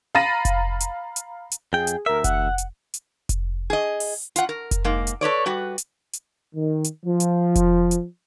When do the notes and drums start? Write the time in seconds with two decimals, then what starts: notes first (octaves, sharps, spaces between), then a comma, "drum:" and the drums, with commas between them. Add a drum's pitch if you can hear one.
0.15 F5 A#5 B5 A6 A#6 D#7
0.45 drum: kick F1, hi-hat
0.80 drum: hi-hat
1.16 drum: hi-hat
1.52 drum: hi-hat
1.73 F2 G#4 G5
1.87 drum: hi-hat
2.06 D2 A#4 E5
2.24 F#5, drum: kick F1, hi-hat
2.58 drum: hi-hat
2.94 drum: hi-hat
3.29 drum: kick F1, hi-hat
3.70 G#4 D#5
4.00 drum: open hi-hat
4.36 F4 F#5, drum: hi-hat
4.49 A#4
4.71 drum: kick F1, hi-hat
4.84 G#2 A#3
5.07 drum: hi-hat
5.21 A4 B4 C#5 D5
5.46 G3 F#4 B4
5.78 drum: hi-hat
6.13 drum: hi-hat
6.55 D#3
6.84 drum: hi-hat
7.06 F3
7.20 drum: hi-hat
7.55 drum: kick F1, hi-hat
7.91 drum: hi-hat